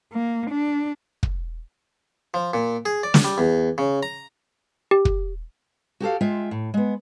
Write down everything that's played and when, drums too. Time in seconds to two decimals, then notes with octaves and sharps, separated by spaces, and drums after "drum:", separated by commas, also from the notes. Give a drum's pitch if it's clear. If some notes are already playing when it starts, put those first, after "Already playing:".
0.13 A#3
0.51 D4
1.23 drum: kick
2.34 F3
2.54 A#2
2.86 G#4
3.03 D5
3.14 drum: snare
3.24 G3
3.38 E2
3.78 C#3
4.03 A#5
4.91 G4
5.05 drum: kick
6.00 F#4 G4 A4 F5
6.21 G#3 F4 E5 G5
6.51 A2
6.74 G#3 B3